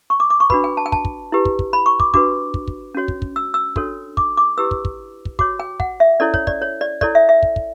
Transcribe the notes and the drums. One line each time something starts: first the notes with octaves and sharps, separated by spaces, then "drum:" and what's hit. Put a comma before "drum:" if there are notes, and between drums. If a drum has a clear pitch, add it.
C#6
D6
D6
C#6
D4 F#4 B4 B5, drum: kick
G5
A5
G5
A5, drum: kick
drum: kick
E4 G4 B4
drum: kick
drum: kick
B5
C#6
D6, drum: kick
D4 F#4 B4 D6, drum: kick
drum: kick
drum: kick
C#4 F#4 C#5
drum: kick
drum: kick
E6
E6
D4 F#4 A4 C#5, drum: kick
D6, drum: kick
D6
E4 G4 B4 E6
drum: kick
drum: kick
drum: kick
F#4 C#5 D6, drum: kick
G5
F#5, drum: kick
E5
C#4 E4 A4 C#5 D5
C#5, drum: kick
D5, drum: kick
C#5
D5
E4 A4 C#5 D5, drum: kick
E5
E5
drum: kick
drum: kick